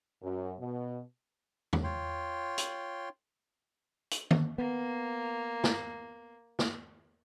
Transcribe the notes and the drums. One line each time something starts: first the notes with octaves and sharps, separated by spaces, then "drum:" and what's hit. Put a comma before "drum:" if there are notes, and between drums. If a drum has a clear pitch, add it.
F#2
B2
drum: tom E2
F4 C#5 G5 C6
drum: hi-hat
drum: hi-hat
drum: tom D#3
A#3 B3
drum: snare
drum: snare